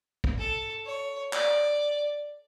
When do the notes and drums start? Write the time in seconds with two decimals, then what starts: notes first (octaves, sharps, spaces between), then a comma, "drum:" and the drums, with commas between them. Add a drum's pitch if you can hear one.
0.24 drum: kick
0.39 A4
0.86 C#5
1.33 D5, drum: clap